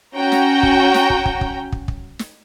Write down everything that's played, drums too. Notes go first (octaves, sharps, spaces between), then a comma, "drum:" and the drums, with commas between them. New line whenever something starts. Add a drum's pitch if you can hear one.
C#4 F#4 G5 A#5
drum: snare
drum: kick
drum: snare
drum: kick
drum: kick
drum: kick
drum: kick
drum: kick
drum: snare